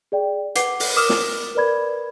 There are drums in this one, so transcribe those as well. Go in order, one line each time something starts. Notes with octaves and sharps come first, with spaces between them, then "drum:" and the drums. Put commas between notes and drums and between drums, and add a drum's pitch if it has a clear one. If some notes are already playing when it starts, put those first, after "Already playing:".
G#4 D5 G5
B4 F#5 D6 C7 G7, drum: hi-hat
drum: open hi-hat
A#4 D6 D#6 F6 E7
drum: snare
A#4 B4 D5 B5 G#6